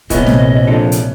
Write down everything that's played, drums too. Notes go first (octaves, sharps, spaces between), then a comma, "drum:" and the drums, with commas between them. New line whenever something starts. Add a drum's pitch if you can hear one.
A#1 C3 E3 B3 C#4 D#5, drum: kick, hi-hat
drum: snare
F3 D4 A4
drum: hi-hat